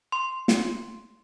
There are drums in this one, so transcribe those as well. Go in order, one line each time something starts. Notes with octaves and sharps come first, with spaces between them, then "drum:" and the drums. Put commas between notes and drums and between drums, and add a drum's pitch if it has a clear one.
C6
drum: snare